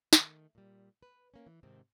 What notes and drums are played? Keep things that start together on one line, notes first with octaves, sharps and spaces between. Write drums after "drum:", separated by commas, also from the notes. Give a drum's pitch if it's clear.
D#3 A3, drum: snare
A#2 G3
B4
A#3 C#4
E3
G#2 C3 D#3 C4